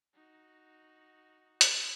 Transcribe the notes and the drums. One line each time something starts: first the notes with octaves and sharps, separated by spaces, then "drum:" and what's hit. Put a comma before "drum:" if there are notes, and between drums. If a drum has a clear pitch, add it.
D#4 F#4
drum: hi-hat